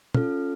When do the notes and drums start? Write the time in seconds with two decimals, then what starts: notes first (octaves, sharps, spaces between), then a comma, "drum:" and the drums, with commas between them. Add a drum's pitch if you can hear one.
0.14 C#4 F4 A4 F6, drum: tom